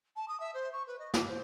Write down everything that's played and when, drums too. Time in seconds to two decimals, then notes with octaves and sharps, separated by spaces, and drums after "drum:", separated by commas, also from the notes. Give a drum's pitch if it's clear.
0.16 A5
0.28 D#6
0.40 E5
0.54 C5
0.73 C#6
0.87 B4
0.99 D#5
1.14 D6, drum: snare
1.28 C5